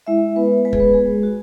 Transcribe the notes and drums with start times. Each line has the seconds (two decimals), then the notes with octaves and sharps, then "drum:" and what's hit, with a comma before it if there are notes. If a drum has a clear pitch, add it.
0.07 G#3 E4 E5
0.36 G#3 B3 B4
0.65 G#3 B4
0.73 G#4, drum: kick
0.80 B3 B4
0.93 G#3 G#4
1.23 F#4